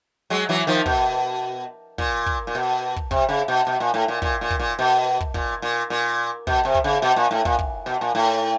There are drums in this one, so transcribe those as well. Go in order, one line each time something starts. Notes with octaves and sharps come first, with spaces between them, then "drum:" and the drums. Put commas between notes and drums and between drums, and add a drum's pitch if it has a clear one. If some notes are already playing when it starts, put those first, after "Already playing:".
F#3 G#3
E3 F#3
D#3 F3
B2, drum: kick
A#2, drum: kick
drum: kick
A#2
B2
drum: kick
C3, drum: kick
C#3
B2
B2
A#2
A2
A#2
A#2, drum: kick
A#2
drum: kick
A#2
B2
drum: kick
A#2, drum: kick
A#2
A#2
B2, drum: kick
C3
drum: kick
C#3
B2
A#2
A2
A#2, drum: kick
drum: kick
B2
A#2
A2